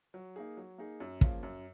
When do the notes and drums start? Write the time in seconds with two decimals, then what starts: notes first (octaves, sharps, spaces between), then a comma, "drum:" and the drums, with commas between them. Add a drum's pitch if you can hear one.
0.14 F#3
0.36 A#3 D#4 G#4
0.57 F#3
0.78 A#3 D#4 G#4
1.00 F#2
1.21 C#3 F3 A#3, drum: kick
1.43 F#2